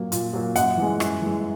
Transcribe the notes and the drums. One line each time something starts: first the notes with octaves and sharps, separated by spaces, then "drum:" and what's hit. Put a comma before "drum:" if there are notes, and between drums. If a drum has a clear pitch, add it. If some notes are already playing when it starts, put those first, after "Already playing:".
Already playing: A#2 F#3 A#3
A#2, drum: hi-hat
F#3 A#3
F#2 F#5, drum: hi-hat
E3 G#3
F#2, drum: rim click
E3 G#3